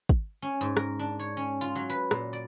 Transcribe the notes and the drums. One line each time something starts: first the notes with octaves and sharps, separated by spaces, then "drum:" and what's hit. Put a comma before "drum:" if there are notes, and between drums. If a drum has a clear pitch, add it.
drum: kick
C#4
G#2
A#4, drum: rim click
D4
C#5
C#4
F4
F#3
B4
A#2, drum: rim click
D5